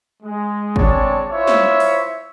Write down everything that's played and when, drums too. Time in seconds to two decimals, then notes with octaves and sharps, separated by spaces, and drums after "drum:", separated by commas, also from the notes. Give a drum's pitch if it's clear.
0.23 G#3
0.76 G#3 C4 D4 C#5 D5 A5, drum: kick G1
1.30 E4 F4 C5 C#5 E5
1.47 drum: snare
1.80 drum: open hi-hat